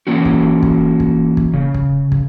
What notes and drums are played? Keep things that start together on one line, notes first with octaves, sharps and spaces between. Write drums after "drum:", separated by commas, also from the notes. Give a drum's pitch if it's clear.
E3 A#3 C#4 F#4
drum: kick
drum: kick
drum: kick
drum: kick
C#3
drum: kick
drum: kick